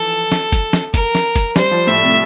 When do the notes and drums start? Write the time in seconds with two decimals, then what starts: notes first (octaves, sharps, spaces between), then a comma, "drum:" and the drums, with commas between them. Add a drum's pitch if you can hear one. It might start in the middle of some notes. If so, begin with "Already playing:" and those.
Already playing: E3 F3 A4
0.32 drum: snare
0.52 drum: kick, hi-hat
0.73 drum: snare
0.94 A#4, drum: kick, hi-hat
1.15 drum: snare
1.36 drum: kick, hi-hat
1.56 G3 C5, drum: snare
1.71 F3
1.87 A2 E5
2.03 C3